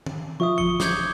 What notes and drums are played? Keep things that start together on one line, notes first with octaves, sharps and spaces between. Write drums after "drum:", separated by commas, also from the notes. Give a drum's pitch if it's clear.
drum: tom
F3 F4 E5 C#6 D#6
G1 D#6 C#7 G7
D6 G6 G#6, drum: snare